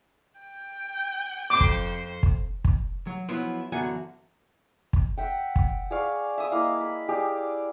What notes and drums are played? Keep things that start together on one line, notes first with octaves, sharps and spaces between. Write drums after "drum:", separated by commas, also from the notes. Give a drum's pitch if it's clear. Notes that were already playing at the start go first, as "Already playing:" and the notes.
G5
F2 C5 D6
drum: kick
drum: kick
drum: kick
F#3
F3 F#3 B3 E4 F4
F#2 D3 E3 B3 F#4 G#5
drum: kick
E5 F#5 G5
drum: kick
G#4 D5 F5 C#6
E5 D#6
A#3 E4 D#5 F5
B5
G4 G#4 D5